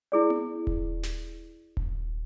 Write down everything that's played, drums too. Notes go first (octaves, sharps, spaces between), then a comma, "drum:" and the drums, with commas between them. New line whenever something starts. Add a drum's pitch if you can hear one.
E4 G#4 D5
drum: tom B3
drum: kick D#1
drum: snare
drum: kick D#1